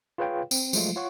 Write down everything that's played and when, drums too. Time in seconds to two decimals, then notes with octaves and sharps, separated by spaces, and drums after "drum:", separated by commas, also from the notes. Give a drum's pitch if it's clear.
0.18 F4 G#4 B4 C#5 F5 G5
0.51 C4, drum: tambourine
0.73 F3 F#3 G#3 A3 F4, drum: tambourine
0.96 F4 C#5 F#5 C#6